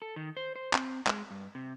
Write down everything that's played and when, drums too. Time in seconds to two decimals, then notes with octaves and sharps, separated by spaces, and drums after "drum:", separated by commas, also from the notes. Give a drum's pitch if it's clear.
0.02 A4
0.16 D#3
0.37 C5
0.56 C5
0.73 C4, drum: clap
1.07 G#3, drum: clap
1.31 G2
1.55 C3